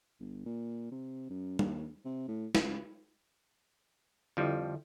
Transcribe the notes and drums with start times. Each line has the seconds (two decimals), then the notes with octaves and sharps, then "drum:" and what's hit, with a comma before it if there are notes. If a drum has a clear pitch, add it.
0.20 G1
0.46 A#2
0.91 C3
1.30 F#2
1.59 D#2, drum: tom G3
2.05 C3
2.28 A2
2.55 C#2, drum: snare
4.37 F2 D3 F3 G3 E4 A4